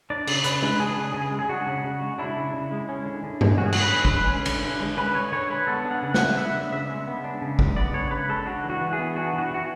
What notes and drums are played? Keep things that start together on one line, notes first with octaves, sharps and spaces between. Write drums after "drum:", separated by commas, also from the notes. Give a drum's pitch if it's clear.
D4 D5
C#3, drum: cymbal
C#3 B4, drum: hi-hat
G#3, drum: tom G#3
D4 G#4
C#3
C#3 G#4
G#3
G#4
D4 F#4
C#3
C#3
G#3
D4 E4
C#3
C#3
G#3
C#4
D3
D3
G#3, drum: tom G2
C#4 F#4
G#4
D3 F#4, drum: cymbal
B4
D3
B4, drum: kick
G#3
C#4
D3, drum: cymbal
D3
G#3
C#4 B4
D3 C#5
D3 C#5
G#3 B4
B3 A4
D4
F#5
C#3
F#5, drum: snare
G#3
B3 E5
D4
C#3 E5
G#3
B3
D4
C#3
G#3, drum: kick
B3 D5
D4 C#5
C#3 B4
G#3 A4
D4 F#4
E3
F#4
E3
G#4
B3
D4 F#4
E3
F#4
E3 F#4